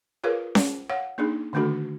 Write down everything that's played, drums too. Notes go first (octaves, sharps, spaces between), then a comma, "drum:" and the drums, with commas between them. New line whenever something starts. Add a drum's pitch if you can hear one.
F4 G#4 A#4 B4 C#5 F5
drum: snare C#4
C#5 F5 F#5
A#3 D4 D#4 G#4
D3 D#3 A3 D4 F#4 A4